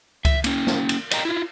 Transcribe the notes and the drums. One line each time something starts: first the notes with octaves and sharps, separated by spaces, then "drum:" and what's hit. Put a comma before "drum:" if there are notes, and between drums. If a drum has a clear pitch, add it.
E5, drum: kick C#2, cymbal
A#3 C#4, drum: cymbal
drum: snare
drum: cymbal
D5 D#5 F5 G5 A#5, drum: cymbal
E4 F4